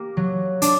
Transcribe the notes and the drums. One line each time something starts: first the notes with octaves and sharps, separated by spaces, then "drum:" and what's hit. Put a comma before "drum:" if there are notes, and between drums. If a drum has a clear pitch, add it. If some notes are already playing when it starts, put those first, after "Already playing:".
Already playing: A#3 G4
F#3
D4, drum: hi-hat